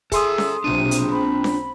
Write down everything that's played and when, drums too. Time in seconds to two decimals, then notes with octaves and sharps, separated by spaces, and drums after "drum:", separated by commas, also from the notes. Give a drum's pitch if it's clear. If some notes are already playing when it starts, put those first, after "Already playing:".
0.12 G#4 A4 E5 G#5 C6 D#6, drum: kick, hi-hat
0.38 drum: snare C#4
0.64 B1 C3 D4 F4 D#7
0.91 drum: hi-hat
1.11 C4 B5
1.44 drum: snare C#4